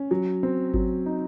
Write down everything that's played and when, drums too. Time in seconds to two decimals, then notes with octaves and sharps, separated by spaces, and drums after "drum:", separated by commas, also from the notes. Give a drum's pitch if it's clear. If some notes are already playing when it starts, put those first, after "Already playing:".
Already playing: C#4
0.11 F#3
0.43 C4
0.74 F#3, drum: kick G#1
1.06 D#4